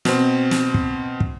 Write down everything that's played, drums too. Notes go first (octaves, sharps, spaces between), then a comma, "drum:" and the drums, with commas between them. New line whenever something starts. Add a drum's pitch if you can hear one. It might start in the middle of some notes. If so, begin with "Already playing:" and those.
B2 C4, drum: snare
drum: snare
drum: kick
drum: kick